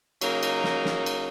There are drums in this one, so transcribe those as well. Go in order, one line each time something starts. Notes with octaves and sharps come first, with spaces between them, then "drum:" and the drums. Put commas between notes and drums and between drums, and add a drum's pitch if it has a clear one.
C#3 F#3 A#3 D#4, drum: cymbal
drum: cymbal
drum: snare
drum: snare
drum: cymbal